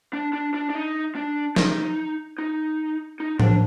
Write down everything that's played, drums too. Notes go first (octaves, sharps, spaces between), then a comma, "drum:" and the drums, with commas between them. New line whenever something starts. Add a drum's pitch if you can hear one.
D4
D4
D4
D4
D#4
D4
D#4, drum: snare
D#4
D#4
D4, drum: tom